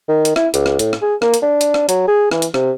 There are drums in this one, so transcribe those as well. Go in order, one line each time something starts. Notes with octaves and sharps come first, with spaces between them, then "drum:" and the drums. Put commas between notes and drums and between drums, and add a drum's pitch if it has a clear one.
D#3
drum: hi-hat
E4, drum: rim click
C#2, drum: hi-hat
drum: rim click
A2, drum: hi-hat
drum: rim click
G#4
A#3, drum: rim click
drum: hi-hat
D4
drum: hi-hat
drum: rim click
F#3, drum: hi-hat
G#4
E3, drum: rim click
drum: hi-hat
C3, drum: rim click